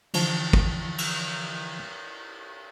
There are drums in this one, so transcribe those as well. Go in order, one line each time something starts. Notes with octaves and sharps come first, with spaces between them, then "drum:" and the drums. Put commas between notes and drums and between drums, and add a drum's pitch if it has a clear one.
D3 E3 F3 A5, drum: cymbal
drum: kick
drum: cymbal